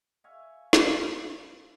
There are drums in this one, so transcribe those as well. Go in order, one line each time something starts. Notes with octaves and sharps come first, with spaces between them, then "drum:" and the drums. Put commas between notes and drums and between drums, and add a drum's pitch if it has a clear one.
E5 F5 G#5 C#6
drum: snare